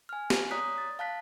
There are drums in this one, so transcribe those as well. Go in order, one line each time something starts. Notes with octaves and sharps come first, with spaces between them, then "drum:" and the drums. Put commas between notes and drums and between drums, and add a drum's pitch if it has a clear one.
G#5 F6
drum: snare
C#5 D5 A#5 D#6 F#6 B6
A6
F5 A5 F#6 B6